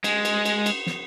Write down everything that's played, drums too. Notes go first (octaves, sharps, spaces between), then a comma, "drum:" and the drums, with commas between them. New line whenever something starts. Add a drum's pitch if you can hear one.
G#3, drum: cymbal
drum: cymbal
drum: cymbal
drum: cymbal
drum: snare